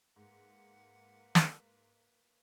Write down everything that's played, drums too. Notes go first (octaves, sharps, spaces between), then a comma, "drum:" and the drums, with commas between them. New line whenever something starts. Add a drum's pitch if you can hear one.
G#2 A#3 B4 F#5
drum: snare